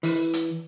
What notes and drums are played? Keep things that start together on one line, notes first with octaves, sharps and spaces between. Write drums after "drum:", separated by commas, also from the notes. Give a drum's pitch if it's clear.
E3, drum: open hi-hat
drum: hi-hat